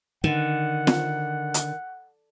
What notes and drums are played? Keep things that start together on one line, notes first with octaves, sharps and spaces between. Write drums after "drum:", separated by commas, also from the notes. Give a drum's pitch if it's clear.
D3 D#3 F#5
drum: snare
drum: hi-hat